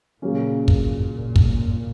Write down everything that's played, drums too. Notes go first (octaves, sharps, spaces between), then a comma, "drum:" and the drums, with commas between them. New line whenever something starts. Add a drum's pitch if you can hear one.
A#2 C#3 F#3 A#3 C#4
drum: kick
drum: kick